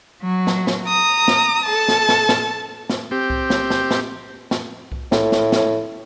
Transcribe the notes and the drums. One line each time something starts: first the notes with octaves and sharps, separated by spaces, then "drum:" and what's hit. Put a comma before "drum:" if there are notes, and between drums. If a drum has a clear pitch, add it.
F#3
drum: snare
drum: snare
A#5 D#6
drum: snare
A4 A5
drum: snare
drum: snare
drum: snare
drum: snare
C4 G4
drum: kick C2
drum: snare
drum: snare
drum: snare
drum: snare
drum: kick C2
A2, drum: snare
drum: snare
drum: snare